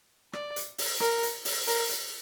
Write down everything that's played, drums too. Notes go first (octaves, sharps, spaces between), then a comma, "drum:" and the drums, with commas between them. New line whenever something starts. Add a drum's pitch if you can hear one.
D5, drum: rim click
drum: hi-hat
drum: open hi-hat
A#4, drum: rim click
drum: hi-hat
drum: open hi-hat
A#4, drum: open hi-hat
drum: hi-hat